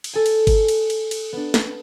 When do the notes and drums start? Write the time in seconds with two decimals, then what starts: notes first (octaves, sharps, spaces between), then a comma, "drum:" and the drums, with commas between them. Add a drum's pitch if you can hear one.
0.04 drum: cymbal
0.13 A4 G#5
0.26 drum: cymbal
0.47 drum: kick G1, cymbal
0.68 drum: cymbal
0.90 drum: cymbal
1.11 drum: cymbal
1.33 B3 D4
1.54 drum: snare